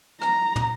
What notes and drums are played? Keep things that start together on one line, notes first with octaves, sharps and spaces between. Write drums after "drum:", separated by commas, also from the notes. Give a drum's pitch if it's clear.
A#5, drum: rim click
drum: tom